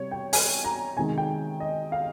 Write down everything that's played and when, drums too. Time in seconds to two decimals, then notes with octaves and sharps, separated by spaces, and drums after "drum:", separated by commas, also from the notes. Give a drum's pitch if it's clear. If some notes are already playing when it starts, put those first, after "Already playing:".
Already playing: C3 G3 C#5
0.11 G5
0.33 G#5, drum: open hi-hat
0.64 A#5
0.96 C3 D#3 G#3 G#5
1.18 G5
1.60 D#5
1.92 F5